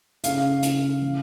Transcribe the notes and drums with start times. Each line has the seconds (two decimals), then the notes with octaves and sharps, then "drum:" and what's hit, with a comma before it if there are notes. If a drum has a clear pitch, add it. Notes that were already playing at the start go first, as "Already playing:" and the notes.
0.24 C#3 F5, drum: hi-hat
0.63 C#3, drum: hi-hat
1.02 E3